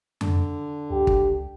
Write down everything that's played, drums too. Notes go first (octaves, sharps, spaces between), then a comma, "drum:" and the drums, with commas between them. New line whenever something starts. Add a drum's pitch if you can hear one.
D3, drum: tom F2
C#2 G4
drum: kick